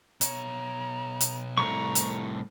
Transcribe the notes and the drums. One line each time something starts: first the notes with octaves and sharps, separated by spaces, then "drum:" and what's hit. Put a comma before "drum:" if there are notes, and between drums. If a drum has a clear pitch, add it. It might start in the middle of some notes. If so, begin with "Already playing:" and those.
B2 C#5 A#5, drum: hi-hat
drum: hi-hat
C2 A2 A#5 C#6
drum: hi-hat